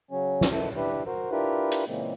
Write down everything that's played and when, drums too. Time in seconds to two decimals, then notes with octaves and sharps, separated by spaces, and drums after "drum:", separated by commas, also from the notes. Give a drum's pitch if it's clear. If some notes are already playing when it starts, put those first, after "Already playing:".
0.11 C#3 F#3 C#4
0.41 drum: snare
0.51 D#3 E4 A4
0.76 D4 E4 G4 B4
1.06 F#4 A#4 C5
1.31 D4 E4 F4 G4 A#4 B4
1.71 drum: hi-hat
1.87 A#2 C#3 E3 G#3 A#3 C4